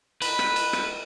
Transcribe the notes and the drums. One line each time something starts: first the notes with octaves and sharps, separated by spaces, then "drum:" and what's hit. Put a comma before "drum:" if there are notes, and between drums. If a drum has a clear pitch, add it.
B4, drum: cymbal
drum: rim click
drum: cymbal
drum: rim click